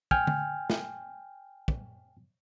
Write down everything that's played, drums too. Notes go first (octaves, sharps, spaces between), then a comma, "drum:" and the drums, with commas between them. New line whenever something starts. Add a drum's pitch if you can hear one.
G5 G#5 F6, drum: kick
drum: tom D3
drum: snare
drum: kick